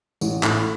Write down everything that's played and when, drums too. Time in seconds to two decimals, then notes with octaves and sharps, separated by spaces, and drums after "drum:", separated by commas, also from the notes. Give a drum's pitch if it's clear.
0.21 A1, drum: tambourine
0.43 A2, drum: clap